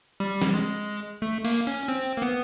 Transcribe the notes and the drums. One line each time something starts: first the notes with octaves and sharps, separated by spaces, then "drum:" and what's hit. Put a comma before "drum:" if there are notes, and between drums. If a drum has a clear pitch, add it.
G3
drum: snare
G#3
A3
A#3, drum: open hi-hat
C#4
C4
A#3
B3